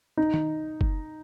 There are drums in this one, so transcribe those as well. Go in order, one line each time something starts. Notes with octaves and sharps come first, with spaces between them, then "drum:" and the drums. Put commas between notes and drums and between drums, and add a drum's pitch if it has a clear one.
D#4
drum: tom D#3
drum: kick F#1